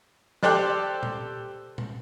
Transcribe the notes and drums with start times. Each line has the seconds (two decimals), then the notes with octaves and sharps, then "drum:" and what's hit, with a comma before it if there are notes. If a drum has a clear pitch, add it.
0.43 G4 A4 C5 D5 C6 F#6, drum: snare
1.03 drum: tom A#2
1.78 drum: tom A#2